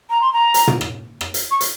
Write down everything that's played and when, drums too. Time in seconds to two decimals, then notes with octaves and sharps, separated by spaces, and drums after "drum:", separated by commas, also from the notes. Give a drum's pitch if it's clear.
0.10 A#5
0.21 C6
0.33 A#5
0.54 drum: hi-hat
0.67 drum: tom
0.81 drum: rim click
1.21 drum: rim click
1.34 drum: hi-hat
1.51 C#6
1.61 drum: hi-hat